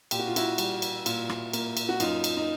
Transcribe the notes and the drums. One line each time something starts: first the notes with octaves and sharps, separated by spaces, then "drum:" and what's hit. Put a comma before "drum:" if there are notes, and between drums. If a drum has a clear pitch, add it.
A#2 G4, drum: cymbal
F#4
F4
E4 F#4, drum: cymbal
G3, drum: cymbal
drum: cymbal
A#2, drum: cymbal
drum: rim click
A#3, drum: cymbal
drum: cymbal
F#4
F#2 D#4 F4, drum: cymbal
drum: cymbal
D#4